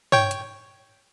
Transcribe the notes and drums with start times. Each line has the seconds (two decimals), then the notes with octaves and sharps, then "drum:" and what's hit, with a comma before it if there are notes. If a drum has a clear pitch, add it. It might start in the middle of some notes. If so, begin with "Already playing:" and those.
0.12 C#5 G5, drum: tom G2
0.31 drum: hi-hat